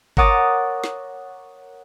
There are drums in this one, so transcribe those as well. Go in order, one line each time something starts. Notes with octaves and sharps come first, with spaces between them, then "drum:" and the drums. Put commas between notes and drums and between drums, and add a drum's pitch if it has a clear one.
A#4 C#5 F#5 D6 D#6 A6, drum: kick G1
drum: snare